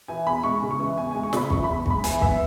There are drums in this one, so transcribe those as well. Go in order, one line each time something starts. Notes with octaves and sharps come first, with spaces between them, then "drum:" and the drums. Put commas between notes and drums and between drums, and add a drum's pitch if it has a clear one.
E3 G#5
E2 B5
G#3 C#6
C#3
C#6
E3
E2 G#5
G#3 G#5
C#6
C#3 B5, drum: snare
E3 C#6, drum: kick
E2 B5
G#3 B5, drum: kick
E3 G#5, drum: hi-hat
B3 E5, drum: kick